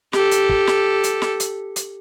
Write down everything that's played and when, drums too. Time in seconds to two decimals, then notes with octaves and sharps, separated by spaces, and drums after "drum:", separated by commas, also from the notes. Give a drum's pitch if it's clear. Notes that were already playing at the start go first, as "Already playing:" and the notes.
0.13 G4 A4, drum: snare
0.31 drum: hi-hat
0.49 drum: kick
0.67 drum: snare
1.04 drum: hi-hat
1.22 drum: snare
1.40 drum: hi-hat
1.76 drum: hi-hat